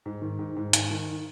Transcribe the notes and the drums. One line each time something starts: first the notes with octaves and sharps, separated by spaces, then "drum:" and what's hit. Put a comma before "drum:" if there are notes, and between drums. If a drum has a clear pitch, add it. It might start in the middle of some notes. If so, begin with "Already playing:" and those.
G#2
D#3
G#2
G#2
D#3, drum: hi-hat
D#3